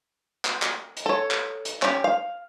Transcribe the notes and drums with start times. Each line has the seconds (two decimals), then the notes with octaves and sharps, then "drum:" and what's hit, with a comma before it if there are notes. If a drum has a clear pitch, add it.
0.45 drum: clap
0.62 drum: clap
0.97 drum: hi-hat
1.06 A4 C#5
1.31 drum: clap
1.65 drum: hi-hat
1.82 C#4 G4, drum: clap
2.04 F5